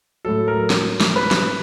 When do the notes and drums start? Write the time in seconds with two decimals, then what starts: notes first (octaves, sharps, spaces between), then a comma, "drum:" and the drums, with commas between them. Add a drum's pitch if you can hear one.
0.25 A2 F#3 A4
0.48 A#4
0.70 drum: snare
1.01 drum: snare
1.16 B4
1.31 drum: snare